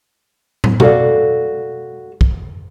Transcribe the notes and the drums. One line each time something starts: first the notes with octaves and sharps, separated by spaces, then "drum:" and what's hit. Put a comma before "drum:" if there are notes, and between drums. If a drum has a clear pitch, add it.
drum: tom
F#4 A4 D5 F5, drum: tom B2
drum: kick